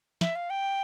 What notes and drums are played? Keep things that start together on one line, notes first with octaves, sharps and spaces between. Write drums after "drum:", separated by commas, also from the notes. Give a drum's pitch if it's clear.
E5, drum: snare
F5
G5